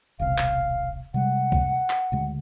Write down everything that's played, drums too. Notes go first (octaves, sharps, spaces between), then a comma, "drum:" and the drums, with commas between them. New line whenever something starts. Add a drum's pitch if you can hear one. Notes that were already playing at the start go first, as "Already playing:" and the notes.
D#1 B1 C3 F5
drum: clap
C3 G3 G#3 F#5
drum: kick C#2
drum: clap
D2 C#3 G#3